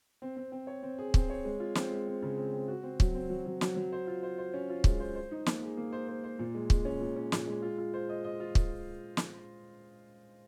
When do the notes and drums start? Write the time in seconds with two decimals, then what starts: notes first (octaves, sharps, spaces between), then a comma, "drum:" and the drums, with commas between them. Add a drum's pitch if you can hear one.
0.22 C4
0.37 C4
0.52 C4
0.67 C#5
0.83 C4
0.98 G#4
1.14 C4, drum: kick
1.30 C#5
1.45 G#3
1.60 F4
1.75 C4, drum: snare
1.92 G#3
2.07 C4
2.22 C#3
2.38 C4
2.53 C4
2.68 F#4
2.83 C4
3.00 F#3, drum: kick
3.14 C4
3.30 F#3
3.46 F#3
3.61 F#3, drum: snare
3.76 F#3
3.92 C5
4.07 F4
4.23 C5
4.38 C5
4.54 C#4
4.70 F4
4.84 G#3, drum: kick
5.00 C5
5.16 C5
5.31 D#4
5.46 A#3, drum: snare
5.62 G#4
5.77 A#3
5.93 C5
6.08 C5
6.24 C5
6.39 A#2
6.55 G#3
6.70 G#3, drum: kick
6.85 C#4
7.01 A#2
7.16 C#4
7.32 A#2, drum: snare
7.47 G#3
7.62 F4
7.78 F4
7.94 C5
8.09 D#5
8.24 D#5
8.40 F4
8.55 drum: kick
9.17 drum: snare